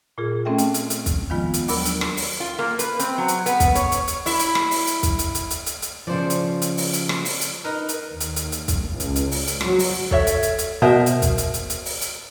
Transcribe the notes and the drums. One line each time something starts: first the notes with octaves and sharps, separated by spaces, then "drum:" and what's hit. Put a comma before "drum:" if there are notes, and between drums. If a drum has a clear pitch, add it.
A#2 F4 G#4
A3 C4 C#4 A4 E5 G5
drum: hi-hat
drum: hi-hat
drum: hi-hat
drum: kick, hi-hat
D#3 F3 G#3 B3 F4
drum: hi-hat
D#2 F#3 D4 A#4 B5 E6, drum: open hi-hat
drum: hi-hat
drum: rim click
drum: open hi-hat
F4
A#3
B4, drum: hi-hat
C4, drum: hi-hat
F#3
drum: hi-hat
B3, drum: hi-hat
drum: kick, hi-hat
C#5, drum: hi-hat
drum: hi-hat
drum: hi-hat
E4 E5, drum: open hi-hat
drum: hi-hat
drum: rim click
drum: open hi-hat
drum: hi-hat
drum: kick, hi-hat
drum: hi-hat
drum: hi-hat
drum: hi-hat
drum: hi-hat
drum: hi-hat
C#3 F3 C5 D5
drum: hi-hat
drum: hi-hat
drum: open hi-hat
drum: hi-hat
drum: rim click
drum: open hi-hat
drum: hi-hat
D#4 A#4 B4
drum: hi-hat
D#2
drum: hi-hat
drum: hi-hat
drum: hi-hat
drum: kick, hi-hat
C#2
drum: hi-hat
drum: hi-hat
drum: open hi-hat
drum: hi-hat
F#3, drum: rim click
drum: open hi-hat
A4 C#5 E5, drum: kick
drum: hi-hat
drum: hi-hat
drum: hi-hat
B2 A#4 C5 E5
drum: hi-hat
drum: kick, hi-hat
drum: hi-hat
drum: hi-hat
drum: hi-hat
drum: open hi-hat
drum: hi-hat